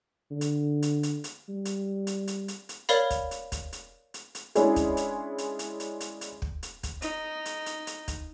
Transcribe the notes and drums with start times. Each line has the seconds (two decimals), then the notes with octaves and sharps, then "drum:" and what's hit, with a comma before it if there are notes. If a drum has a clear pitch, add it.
0.31 D3
0.41 drum: hi-hat
0.82 drum: hi-hat
1.03 drum: hi-hat
1.24 drum: hi-hat
1.49 G3
1.65 drum: hi-hat
2.07 drum: hi-hat
2.28 drum: hi-hat
2.48 drum: hi-hat
2.69 drum: hi-hat
2.89 A#4 C#5 D5 F5 B5, drum: hi-hat
3.10 drum: kick, hi-hat
3.31 drum: hi-hat
3.52 drum: kick, hi-hat
3.73 drum: hi-hat
4.14 drum: hi-hat
4.35 drum: hi-hat
4.55 G#3 C#4 D4 E4 G#4, drum: hi-hat
4.76 drum: kick, hi-hat
4.97 drum: hi-hat
5.38 drum: hi-hat
5.59 drum: hi-hat
5.80 drum: hi-hat
6.00 drum: hi-hat
6.21 drum: hi-hat
6.42 drum: kick
6.63 drum: hi-hat
6.83 drum: kick, hi-hat
7.02 D#4, drum: hi-hat
7.45 drum: hi-hat
7.66 drum: hi-hat
7.87 drum: hi-hat
8.08 drum: kick, hi-hat